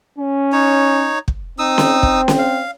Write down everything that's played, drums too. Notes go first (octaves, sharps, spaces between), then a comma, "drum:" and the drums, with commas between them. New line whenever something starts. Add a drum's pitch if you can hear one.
C#4
D#4 C#5
drum: kick
C4 D#4 D#6 E6
drum: snare C#4
drum: kick
drum: snare C#4
F5